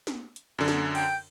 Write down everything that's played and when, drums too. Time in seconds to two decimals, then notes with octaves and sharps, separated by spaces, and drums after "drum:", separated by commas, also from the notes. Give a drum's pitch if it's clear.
0.07 drum: snare
0.36 drum: hi-hat
0.59 F#2 D3
0.68 drum: snare
0.95 G5, drum: cymbal